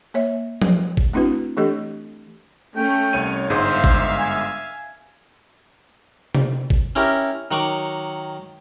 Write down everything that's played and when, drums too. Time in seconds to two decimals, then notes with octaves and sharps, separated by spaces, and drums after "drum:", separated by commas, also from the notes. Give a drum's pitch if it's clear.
0.14 A#3 C#5 E5
0.62 drum: tom F3
0.97 drum: kick G#1
1.13 A3 C4 D4 E4 F#4 B4
1.57 E3 A3 D4 G4 A4 D#5
2.77 A3 C#4 G5
3.13 C2 C#5 D#7
3.50 G1 G#2 G#3 C5 E5 F5
3.84 drum: kick G#1
4.20 G#5
6.35 drum: tom C3
6.70 drum: kick G#1
6.96 C#4 E4 G4 A#4
7.51 D#3 F#3 F#5 C#6 D6